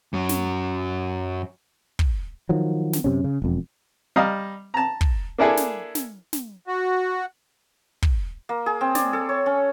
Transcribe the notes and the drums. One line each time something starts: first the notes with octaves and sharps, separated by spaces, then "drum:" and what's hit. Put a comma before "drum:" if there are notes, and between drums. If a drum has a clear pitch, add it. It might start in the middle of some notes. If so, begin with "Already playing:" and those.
F#2 F#3
drum: snare
drum: kick
D#3 F3 F#3
drum: snare
F#2 C3 C#4
C#3
E1 F2
G3 D#5 F5 A#5 D#6
A5 A#5
drum: kick
A#3 D4 E4 G#4 A4
drum: snare
drum: snare
drum: snare
F#4
drum: kick
A#3
G#4
C4
D5, drum: snare
A4
C#5
C#4